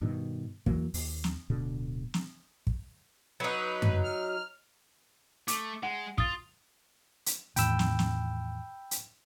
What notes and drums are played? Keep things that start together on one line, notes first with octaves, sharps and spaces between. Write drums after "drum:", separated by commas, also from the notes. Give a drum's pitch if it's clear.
G2 B2 D#3
E2 E3 F#3 A#3, drum: kick
D#2, drum: open hi-hat
drum: snare
D1 B2 D3
drum: snare
drum: kick
F#3 D#4 B4
drum: tom F#2
F6
A3 D6, drum: hi-hat
G#3 F#5
F4 D#6 A6, drum: kick
drum: hi-hat
E2 A2 D#3 G5 B5 E6, drum: hi-hat
drum: snare
drum: snare
drum: hi-hat